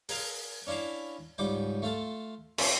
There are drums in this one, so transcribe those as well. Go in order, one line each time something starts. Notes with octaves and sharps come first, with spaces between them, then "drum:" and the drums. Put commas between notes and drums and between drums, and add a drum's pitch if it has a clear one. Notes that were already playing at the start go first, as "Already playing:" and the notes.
G#4 A#4 F5, drum: open hi-hat
C#4 D4 E4 E5 F5
C#2 G#2 G3 G5 D6
A3 F4 A4
C#3 C4, drum: cymbal